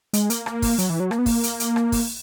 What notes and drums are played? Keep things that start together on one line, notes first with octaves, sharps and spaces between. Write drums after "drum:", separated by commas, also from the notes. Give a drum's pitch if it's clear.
G#3, drum: hi-hat
A#3, drum: hi-hat
A#3, drum: rim click
drum: kick, open hi-hat
F#3, drum: hi-hat
E3
F#3
A#3, drum: rim click
B3
A#3, drum: kick, open hi-hat
drum: hi-hat
drum: hi-hat
drum: rim click
drum: kick, open hi-hat